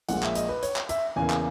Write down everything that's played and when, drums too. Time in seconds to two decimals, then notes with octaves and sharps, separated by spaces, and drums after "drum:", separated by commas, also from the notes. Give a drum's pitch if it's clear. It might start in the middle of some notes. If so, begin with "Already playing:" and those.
0.09 A#1 A#2 G#3 F#5, drum: hi-hat
0.23 E5, drum: clap
0.35 D#5, drum: hi-hat
0.49 B4
0.63 C#5, drum: hi-hat
0.76 drum: clap
0.89 E5, drum: hi-hat
1.16 E2 C#3 E3 A#3 G#5
1.30 drum: clap